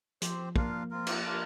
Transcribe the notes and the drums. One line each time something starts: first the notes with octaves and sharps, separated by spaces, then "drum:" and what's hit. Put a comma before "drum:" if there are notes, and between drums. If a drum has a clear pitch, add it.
F3 C4 G4 C5, drum: hi-hat
A#3 D4 F4 A#4 F5, drum: kick
C4 F4 A#4
drum: cymbal
A#3 D4 F4 A#4